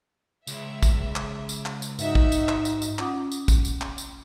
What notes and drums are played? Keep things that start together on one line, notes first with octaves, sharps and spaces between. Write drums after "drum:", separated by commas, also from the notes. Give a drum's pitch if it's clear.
C#2 E5, drum: tambourine
drum: kick, tambourine
drum: clap
drum: tambourine
drum: clap
drum: tambourine
G#2 D#4 F#4 E5, drum: tambourine
drum: kick
drum: tambourine
drum: clap
drum: tambourine
drum: tambourine
C#4 F4 F#5 D6 D#6, drum: clap
drum: tambourine
drum: kick, tambourine
drum: tambourine
drum: clap
drum: tambourine